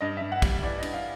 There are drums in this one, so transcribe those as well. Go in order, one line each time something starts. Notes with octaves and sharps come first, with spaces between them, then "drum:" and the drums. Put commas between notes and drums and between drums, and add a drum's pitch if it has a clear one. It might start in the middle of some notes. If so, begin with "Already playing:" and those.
G2 D#5
E5
G2
F#5
G3 F#5, drum: kick, cymbal
E3 D5
D#5
G2, drum: cymbal
F5